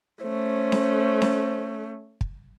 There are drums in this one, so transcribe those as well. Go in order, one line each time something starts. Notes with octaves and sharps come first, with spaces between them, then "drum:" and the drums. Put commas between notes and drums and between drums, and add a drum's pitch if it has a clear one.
A3 C#4 C5
drum: snare C#4
drum: snare C#4
drum: kick